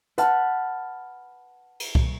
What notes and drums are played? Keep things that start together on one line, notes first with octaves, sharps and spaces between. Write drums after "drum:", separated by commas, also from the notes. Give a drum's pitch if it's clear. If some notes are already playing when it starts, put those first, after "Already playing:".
B4 F#5 A5 B5 F6, drum: hi-hat
drum: cymbal
drum: kick C2